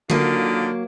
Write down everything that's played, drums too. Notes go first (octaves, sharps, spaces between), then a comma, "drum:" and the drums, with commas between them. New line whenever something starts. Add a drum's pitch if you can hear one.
D3 D#3 F#3 A#3 F4, drum: tom D3